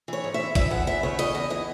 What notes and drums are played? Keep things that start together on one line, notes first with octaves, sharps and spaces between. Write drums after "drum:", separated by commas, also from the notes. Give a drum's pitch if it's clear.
E3 C#5
G#2
E5
E3
E2 E5, drum: kick, hi-hat
E2 F#5
E3 E5
C#3 C#5
E2 D#5, drum: hi-hat
E2 D#5
E3 D#5